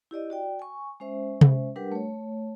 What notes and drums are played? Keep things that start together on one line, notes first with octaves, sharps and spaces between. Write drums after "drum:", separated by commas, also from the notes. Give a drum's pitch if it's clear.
E4 G4 D5 D#5
F#4 D5 G5
G#5 C#6
G#3 C#4 C5 E5
drum: tom C3
G3 D4 G4 A#4 B4 F#5
A3 C#5